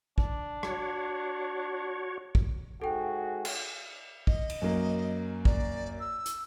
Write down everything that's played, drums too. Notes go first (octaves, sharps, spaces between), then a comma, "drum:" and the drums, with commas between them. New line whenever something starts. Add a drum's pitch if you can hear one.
D4, drum: kick
F#4 C#5, drum: rim click
drum: kick
G#2 F#4 G#4 A4 G5
drum: cymbal
D#5, drum: kick
drum: cymbal
F#2 A#3
D5, drum: kick
E6
drum: hi-hat